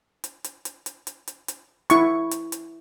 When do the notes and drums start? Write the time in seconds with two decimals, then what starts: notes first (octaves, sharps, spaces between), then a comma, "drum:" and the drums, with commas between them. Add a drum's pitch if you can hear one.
0.24 drum: hi-hat
0.44 drum: hi-hat
0.65 drum: hi-hat
0.86 drum: hi-hat
1.07 drum: hi-hat
1.28 drum: hi-hat
1.48 drum: hi-hat
1.90 E4 C#6, drum: hi-hat
2.31 drum: hi-hat
2.52 drum: hi-hat